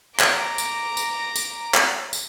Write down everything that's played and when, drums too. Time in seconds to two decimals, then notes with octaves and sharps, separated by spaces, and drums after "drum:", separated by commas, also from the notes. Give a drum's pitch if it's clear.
0.20 A#5 D6, drum: clap
0.58 drum: tambourine
0.97 drum: tambourine
1.36 drum: tambourine
1.74 drum: clap
2.13 drum: tambourine